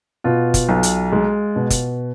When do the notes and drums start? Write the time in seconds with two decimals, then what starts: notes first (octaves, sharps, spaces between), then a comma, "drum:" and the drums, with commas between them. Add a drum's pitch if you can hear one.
0.24 B2 F4
0.54 drum: kick, hi-hat
0.69 B1
0.83 drum: hi-hat
1.12 G#3
1.56 B2
1.70 drum: kick, hi-hat